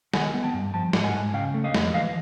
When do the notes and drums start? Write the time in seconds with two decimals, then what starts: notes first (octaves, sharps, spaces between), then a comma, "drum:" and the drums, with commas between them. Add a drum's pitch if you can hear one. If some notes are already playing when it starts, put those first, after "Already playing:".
0.14 D#3 F#5 G#5, drum: snare
0.34 B3
0.43 G5 A5
0.54 G2
0.74 F3 G5 A5
0.93 G#2, drum: snare
1.04 F#5 G#5
1.14 G#2
1.33 C#3 F5 G5
1.54 A3
1.64 D#5 F5
1.74 F2, drum: snare
1.94 E3 D#5 F5